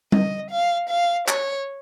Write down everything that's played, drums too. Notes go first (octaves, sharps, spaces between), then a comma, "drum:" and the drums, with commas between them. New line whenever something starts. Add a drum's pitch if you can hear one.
D#5, drum: tom G3
F5
F5
C#5, drum: clap